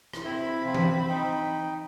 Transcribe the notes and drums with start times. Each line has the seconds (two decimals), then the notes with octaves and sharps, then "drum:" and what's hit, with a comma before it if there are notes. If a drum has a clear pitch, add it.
0.13 drum: rim click
0.24 C4 E4 B5
0.63 C3 F3
0.74 drum: tom E3
1.08 D#4 G5